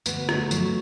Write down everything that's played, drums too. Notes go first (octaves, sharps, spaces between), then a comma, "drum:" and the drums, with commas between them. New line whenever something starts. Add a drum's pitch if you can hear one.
D2 B3, drum: tambourine
A3, drum: rim click
F#3, drum: tambourine